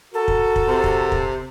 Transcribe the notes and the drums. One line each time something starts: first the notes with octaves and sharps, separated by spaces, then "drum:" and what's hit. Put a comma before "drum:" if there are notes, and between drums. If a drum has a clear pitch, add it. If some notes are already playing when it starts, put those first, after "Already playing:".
F#4 A4 A#4
drum: kick
drum: kick
C3
drum: kick
drum: kick